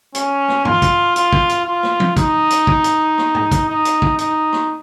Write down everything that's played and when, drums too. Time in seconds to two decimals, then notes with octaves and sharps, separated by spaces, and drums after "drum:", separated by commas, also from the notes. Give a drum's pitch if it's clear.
0.15 C#4, drum: hi-hat
0.48 drum: rim click
0.65 F4, drum: tom G2
0.82 drum: kick, hi-hat
1.16 F4, drum: hi-hat
1.33 drum: kick
1.49 drum: hi-hat
1.66 F4
1.83 drum: rim click
2.00 drum: tom
2.17 D#4, drum: kick, hi-hat
2.50 drum: hi-hat
2.67 drum: kick
2.84 drum: hi-hat
3.18 drum: rim click
3.35 drum: tom
3.51 drum: kick, hi-hat
3.69 D#4
3.85 drum: hi-hat
4.02 drum: kick
4.19 D#4, drum: hi-hat
4.53 drum: rim click